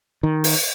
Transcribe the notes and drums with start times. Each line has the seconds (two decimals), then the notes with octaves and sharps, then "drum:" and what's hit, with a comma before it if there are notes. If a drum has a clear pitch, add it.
0.23 D#3
0.44 drum: open hi-hat